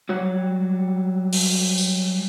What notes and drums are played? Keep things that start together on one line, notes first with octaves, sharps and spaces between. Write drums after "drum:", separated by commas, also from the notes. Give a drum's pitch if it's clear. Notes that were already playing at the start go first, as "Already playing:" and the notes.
F#3 G3 F#4 C#5
drum: open hi-hat
drum: tambourine